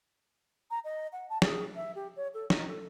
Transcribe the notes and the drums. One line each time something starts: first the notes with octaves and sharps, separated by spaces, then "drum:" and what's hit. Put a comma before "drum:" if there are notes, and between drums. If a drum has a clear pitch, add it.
A#5
D#5
F#5
A5
G#4, drum: snare
E5
G4
C#5
A4
D#4, drum: snare
A4